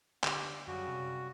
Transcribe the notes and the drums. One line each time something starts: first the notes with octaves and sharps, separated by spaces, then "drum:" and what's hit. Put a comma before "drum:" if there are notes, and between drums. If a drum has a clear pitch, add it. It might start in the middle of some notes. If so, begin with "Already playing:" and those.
D3 B3 D4 G4, drum: clap
F#2 C#3 F#3 G3 F#4
C3